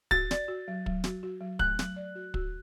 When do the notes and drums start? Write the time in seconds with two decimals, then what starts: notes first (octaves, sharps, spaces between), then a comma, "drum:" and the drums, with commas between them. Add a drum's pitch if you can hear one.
0.11 F#4 A6, drum: kick
0.31 D5, drum: snare
0.48 F#4
0.68 F#3
0.86 F#3, drum: kick
1.04 F#4, drum: snare
1.23 F#4
1.41 F#3
1.59 A3 F#6, drum: kick
1.79 F#3, drum: snare
1.96 D5
2.15 F#4
2.34 F#4, drum: kick